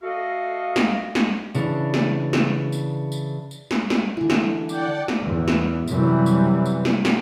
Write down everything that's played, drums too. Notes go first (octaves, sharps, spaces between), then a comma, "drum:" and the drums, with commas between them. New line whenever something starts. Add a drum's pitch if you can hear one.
A3 F#4 A4 D#5 F5
drum: snare
drum: snare
C#3 E3 D4, drum: tambourine
drum: snare
drum: snare
drum: tambourine
drum: tambourine
drum: tambourine
drum: snare
drum: snare
D3 E3 E4
drum: snare
D5 F#5 G5 A5 D6, drum: tambourine
drum: snare
E2
drum: snare
F#2 C3 E3 F#3 G3, drum: tambourine
drum: tambourine
drum: tambourine
drum: snare
drum: snare